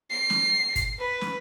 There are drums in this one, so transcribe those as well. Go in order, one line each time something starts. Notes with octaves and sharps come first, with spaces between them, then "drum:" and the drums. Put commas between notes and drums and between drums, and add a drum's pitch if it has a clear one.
C7
drum: snare
drum: kick, hi-hat
B4
drum: snare